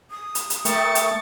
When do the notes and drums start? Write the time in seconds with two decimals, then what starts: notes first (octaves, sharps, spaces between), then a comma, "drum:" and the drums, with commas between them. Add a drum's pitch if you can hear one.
0.11 D#6
0.35 drum: hi-hat
0.50 drum: hi-hat
0.65 A3 A#4 E5 G5 C#6 A6, drum: hi-hat
0.95 drum: hi-hat